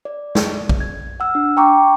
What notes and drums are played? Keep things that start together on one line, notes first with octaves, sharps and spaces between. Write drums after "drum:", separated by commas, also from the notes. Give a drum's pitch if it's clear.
D5
drum: snare
drum: kick A#1
G#6
F#5 E6 F6
D4
G5 A#5 C#6 D6